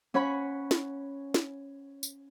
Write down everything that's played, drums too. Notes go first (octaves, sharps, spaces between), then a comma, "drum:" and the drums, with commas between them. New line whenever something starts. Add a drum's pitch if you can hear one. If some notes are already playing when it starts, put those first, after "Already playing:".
C#4 C#5 F#5 B5
drum: snare
drum: snare
drum: tambourine